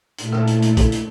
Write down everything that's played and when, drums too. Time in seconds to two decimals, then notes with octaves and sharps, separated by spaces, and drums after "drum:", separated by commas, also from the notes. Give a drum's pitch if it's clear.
0.18 A#2 A3 E4 A4, drum: hi-hat
0.32 drum: rim click
0.47 drum: hi-hat
0.62 drum: hi-hat
0.77 drum: kick, hi-hat
0.92 drum: hi-hat